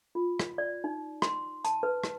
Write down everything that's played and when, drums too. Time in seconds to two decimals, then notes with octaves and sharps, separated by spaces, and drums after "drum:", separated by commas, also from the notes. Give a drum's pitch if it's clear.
0.15 F4
0.40 drum: rim click
0.58 D5
0.84 D#4
1.22 C6, drum: rim click
1.65 A5, drum: hi-hat
1.83 B4
2.04 drum: rim click